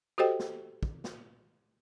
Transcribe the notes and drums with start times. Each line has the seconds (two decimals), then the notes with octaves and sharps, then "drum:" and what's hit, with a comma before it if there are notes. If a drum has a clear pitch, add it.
0.18 F#4 G4 A4 C5 D#5 G5
0.39 drum: snare
0.83 drum: kick
1.04 drum: snare